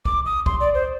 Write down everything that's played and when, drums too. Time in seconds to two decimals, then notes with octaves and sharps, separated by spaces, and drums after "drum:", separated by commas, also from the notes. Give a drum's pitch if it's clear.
0.05 D6, drum: kick
0.26 D#6
0.46 C6, drum: kick
0.60 D5
0.74 C5